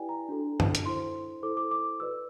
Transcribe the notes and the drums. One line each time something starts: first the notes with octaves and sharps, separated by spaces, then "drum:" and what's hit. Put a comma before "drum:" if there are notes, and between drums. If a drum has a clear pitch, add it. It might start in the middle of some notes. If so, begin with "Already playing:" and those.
Already playing: E4 G4 B4 D5 G5 G#5
A#5
D4 F#4 A4
drum: tom
drum: hi-hat
E4 A4 C5 C6
E4 A4 C5 D6
D6
D6
F#4 B4 D5 E6